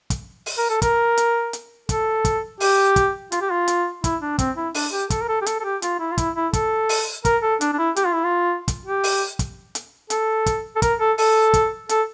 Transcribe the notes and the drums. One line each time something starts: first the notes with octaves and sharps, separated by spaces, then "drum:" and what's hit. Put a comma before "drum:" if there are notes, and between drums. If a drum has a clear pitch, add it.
drum: kick, hi-hat
drum: open hi-hat
A#4
A4
A#4, drum: kick, hi-hat
drum: hi-hat
drum: hi-hat
A4, drum: kick, hi-hat
drum: kick, hi-hat
G4, drum: open hi-hat
drum: kick, hi-hat
F4, drum: hi-hat
G4
F4
drum: hi-hat
E4, drum: kick, hi-hat
D4
C4, drum: kick, hi-hat
E4
D4, drum: open hi-hat
G4
A4, drum: kick, hi-hat
A#4
A4
G4
A4, drum: hi-hat
A4
G4
F4, drum: hi-hat
E4
F4
E4, drum: kick, hi-hat
E4
A4, drum: kick, hi-hat
drum: open hi-hat
A#4, drum: kick, hi-hat
A4
D4, drum: hi-hat
D4
E4
G4, drum: hi-hat
F4
E4
F4
drum: kick, hi-hat
G4
drum: open hi-hat
drum: kick, hi-hat
drum: hi-hat
A4, drum: hi-hat
drum: kick, hi-hat
A4
A#4, drum: kick, hi-hat
A4
A4, drum: open hi-hat
drum: kick, hi-hat
A4, drum: hi-hat